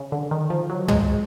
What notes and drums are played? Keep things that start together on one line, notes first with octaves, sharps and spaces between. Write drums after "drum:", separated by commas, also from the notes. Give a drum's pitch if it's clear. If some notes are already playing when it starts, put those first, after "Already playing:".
Already playing: C#3
D3
D#3
F3
F#3
G#3, drum: tom